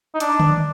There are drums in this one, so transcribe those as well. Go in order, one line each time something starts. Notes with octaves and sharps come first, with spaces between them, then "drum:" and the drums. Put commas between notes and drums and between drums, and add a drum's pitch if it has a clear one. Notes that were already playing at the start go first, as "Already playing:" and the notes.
D#4
D4, drum: hi-hat
drum: tom D3